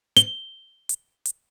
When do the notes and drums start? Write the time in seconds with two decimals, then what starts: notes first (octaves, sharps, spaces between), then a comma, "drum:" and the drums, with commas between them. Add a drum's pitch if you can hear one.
0.17 G7, drum: hi-hat
0.89 drum: hi-hat
1.25 drum: hi-hat